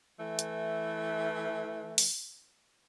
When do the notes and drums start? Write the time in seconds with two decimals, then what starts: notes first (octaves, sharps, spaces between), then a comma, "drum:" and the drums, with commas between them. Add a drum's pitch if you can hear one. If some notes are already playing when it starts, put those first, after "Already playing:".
0.19 E3 A3
0.39 drum: hi-hat
1.98 drum: open hi-hat